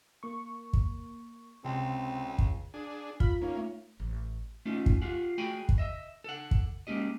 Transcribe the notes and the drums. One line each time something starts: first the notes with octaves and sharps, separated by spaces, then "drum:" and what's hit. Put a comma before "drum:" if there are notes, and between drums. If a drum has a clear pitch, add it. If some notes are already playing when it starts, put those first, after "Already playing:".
A#3 C#6
drum: kick
C#2 C3 C4
drum: kick
D4 G#4
F4 F5 B5, drum: kick
A#3 C#4 D#4 C#5 F5
A3
A1
A3 C#4 D#4 F4
drum: kick
F4 G4 G#4 F#5
A3 F#4 G#4 G5 G#5 B5
drum: kick
D#5 E5
A4 F#5
drum: kick
G#3 A#3 C#4 G4 D#5